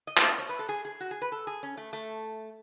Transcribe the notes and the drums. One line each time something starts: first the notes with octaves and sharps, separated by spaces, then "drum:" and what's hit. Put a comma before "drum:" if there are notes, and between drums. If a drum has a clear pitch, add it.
D#5
E5, drum: clap
D#5
C#5
B4
A4
G#4
G#4
F#4
G#4
B4
A4
G#4
C#4
A3
A3